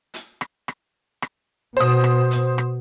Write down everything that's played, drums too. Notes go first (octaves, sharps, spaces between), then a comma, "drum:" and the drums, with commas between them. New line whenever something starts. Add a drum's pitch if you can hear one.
drum: hi-hat
drum: rim click
drum: rim click
drum: rim click
B2 C5 D#6
drum: rim click
drum: hi-hat
drum: rim click